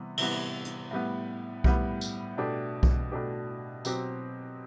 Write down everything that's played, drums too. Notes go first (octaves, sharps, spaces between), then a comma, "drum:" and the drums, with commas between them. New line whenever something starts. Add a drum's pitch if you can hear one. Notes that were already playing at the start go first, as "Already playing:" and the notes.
Already playing: C3 E3 G3 B3
C3 E3 G3 B3, drum: cymbal
drum: hi-hat
A2 G3 B3
A2 G3 B3, drum: kick B1
drum: tambourine
B2 A3 D4 G4
drum: kick B1
B2 A3 D4 G4
B2 F#3 C4 G4, drum: tambourine